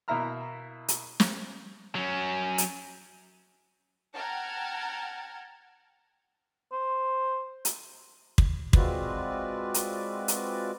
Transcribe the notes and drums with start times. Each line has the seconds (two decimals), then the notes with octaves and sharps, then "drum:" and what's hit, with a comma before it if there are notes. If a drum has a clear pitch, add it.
0.08 B2 A#3 E4 E5 A#5 F6
0.88 drum: hi-hat
1.20 drum: snare
1.95 F#3 C#4
2.58 drum: hi-hat
4.15 F#5 G5 A5 A#5 F6 G#6
6.72 C5
7.65 drum: hi-hat
8.38 drum: kick
8.73 G#3 C4 F4 F#4 B4 D5, drum: kick
9.74 drum: hi-hat
10.28 drum: hi-hat